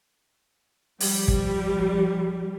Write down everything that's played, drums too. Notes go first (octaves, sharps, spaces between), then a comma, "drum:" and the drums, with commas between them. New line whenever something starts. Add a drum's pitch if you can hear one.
F3 G3, drum: open hi-hat
drum: kick